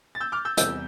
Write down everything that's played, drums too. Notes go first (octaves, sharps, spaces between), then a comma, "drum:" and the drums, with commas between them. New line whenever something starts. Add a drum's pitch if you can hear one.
A6
E6 G6
D6 F6
E6 G6
E2 C3 G3 E6 G6, drum: hi-hat